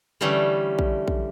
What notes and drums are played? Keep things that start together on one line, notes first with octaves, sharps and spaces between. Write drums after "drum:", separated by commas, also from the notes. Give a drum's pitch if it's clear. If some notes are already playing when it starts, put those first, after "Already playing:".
D3 E3 G3 A3 C#4
drum: kick A#1
drum: kick A#1